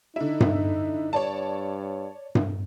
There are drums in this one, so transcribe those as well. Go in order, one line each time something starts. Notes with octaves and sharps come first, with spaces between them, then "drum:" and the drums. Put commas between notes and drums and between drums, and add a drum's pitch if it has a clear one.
D3 D#4 E4
drum: tom G2
G2 C#5 D5 A5
drum: tom G2